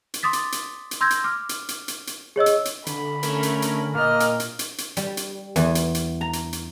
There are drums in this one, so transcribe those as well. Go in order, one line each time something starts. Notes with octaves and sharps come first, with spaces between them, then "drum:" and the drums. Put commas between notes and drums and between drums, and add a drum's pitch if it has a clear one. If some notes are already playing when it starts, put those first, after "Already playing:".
drum: hi-hat
C6 D6 D#6 A6 B6
drum: hi-hat
drum: hi-hat
drum: hi-hat
C6 E6 G6 G#6 A#6
drum: hi-hat
D6 F6
drum: hi-hat
drum: hi-hat
drum: hi-hat
drum: hi-hat
G#4 C#5 D#5 E6
drum: hi-hat
drum: hi-hat
D3 B5, drum: hi-hat
A3 C#4 A#4, drum: hi-hat
drum: hi-hat
drum: hi-hat
A#2 A#3 D#5 F6
drum: hi-hat
drum: hi-hat
drum: hi-hat
drum: hi-hat
G3, drum: hi-hat
drum: hi-hat
E2, drum: hi-hat
drum: hi-hat
drum: hi-hat
A#5
drum: hi-hat
drum: hi-hat